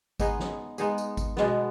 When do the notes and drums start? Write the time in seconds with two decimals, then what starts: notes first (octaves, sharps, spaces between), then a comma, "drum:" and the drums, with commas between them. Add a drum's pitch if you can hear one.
0.20 G#3 B3 D#4 G#4, drum: kick G#1, tambourine
0.39 drum: snare
0.78 G#3 B3 D#4 G#4, drum: tambourine
0.98 drum: tambourine
1.17 drum: kick G#1, tambourine
1.37 B2 G#3 B3, drum: snare